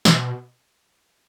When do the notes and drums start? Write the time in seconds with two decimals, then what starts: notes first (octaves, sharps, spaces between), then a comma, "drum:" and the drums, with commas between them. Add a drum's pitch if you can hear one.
0.05 B2, drum: snare